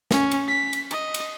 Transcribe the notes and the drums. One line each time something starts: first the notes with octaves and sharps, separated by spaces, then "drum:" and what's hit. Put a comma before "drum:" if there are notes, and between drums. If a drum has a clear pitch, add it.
C#4, drum: snare
drum: cymbal
B6
drum: cymbal
D#5, drum: cymbal
drum: cymbal